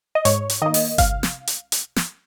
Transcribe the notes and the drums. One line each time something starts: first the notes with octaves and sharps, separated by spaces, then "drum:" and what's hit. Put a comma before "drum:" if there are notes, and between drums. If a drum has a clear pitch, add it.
D#5
G#2 C#5, drum: hi-hat
drum: hi-hat
D#3 A#3 D#5
drum: open hi-hat
C2 F5, drum: kick G1, hi-hat
drum: snare
drum: hi-hat
drum: hi-hat
drum: snare